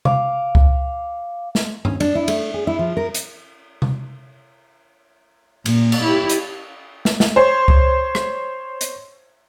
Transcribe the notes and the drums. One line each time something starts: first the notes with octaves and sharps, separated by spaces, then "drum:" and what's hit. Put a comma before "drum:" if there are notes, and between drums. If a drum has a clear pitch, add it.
F5 D6, drum: tom C3
drum: kick C#2
drum: snare
C#4, drum: tom G2
D4, drum: cymbal
E4
A3, drum: cymbal
G#4
E4
F3
A#4
drum: hi-hat
drum: tom C3
A#2, drum: cymbal
drum: cymbal
E4 G4
drum: hi-hat
drum: snare
drum: snare
C5 C#5
drum: kick C#2
drum: rim click
drum: hi-hat